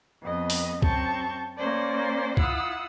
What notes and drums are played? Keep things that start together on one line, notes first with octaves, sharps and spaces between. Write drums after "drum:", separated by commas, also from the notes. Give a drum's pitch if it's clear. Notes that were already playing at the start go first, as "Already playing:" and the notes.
F2 B3 D#5
drum: open hi-hat
F#2 C4 A5 C#6 G6, drum: kick
A#3 C#4 C5 D5
E4 F4 F#5 D#6 E6, drum: kick